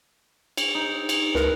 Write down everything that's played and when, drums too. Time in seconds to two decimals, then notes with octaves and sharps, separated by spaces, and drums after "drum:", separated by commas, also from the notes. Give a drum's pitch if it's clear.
0.57 drum: cymbal
0.75 D#4
1.09 drum: cymbal
1.35 C#2 A#4 B4, drum: snare